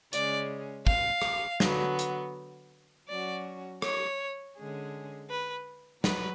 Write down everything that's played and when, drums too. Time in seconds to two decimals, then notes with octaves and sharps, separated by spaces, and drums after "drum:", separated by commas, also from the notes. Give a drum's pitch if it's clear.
0.13 C#3 G#3 C#4 G#4 D5, drum: hi-hat
0.87 F5, drum: kick
1.22 drum: rim click
1.60 D3 F#3 B3 F#4, drum: snare
1.99 drum: hi-hat
3.08 F#3 C#4 F#4 D5
3.82 C#5, drum: rim click
4.57 D3 G#3 C#4 G#4
5.30 B4
6.04 F#3 B4, drum: snare